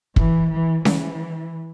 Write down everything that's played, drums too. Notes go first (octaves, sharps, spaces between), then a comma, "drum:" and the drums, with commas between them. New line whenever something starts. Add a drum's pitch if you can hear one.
E3, drum: kick
E3
E3, drum: snare C#4